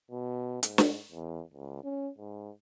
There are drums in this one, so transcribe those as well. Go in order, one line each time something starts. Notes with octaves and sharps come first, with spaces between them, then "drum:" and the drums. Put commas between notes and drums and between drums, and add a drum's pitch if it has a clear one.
B2
G#2, drum: hi-hat
drum: snare
E2
C#2
C#4
G#2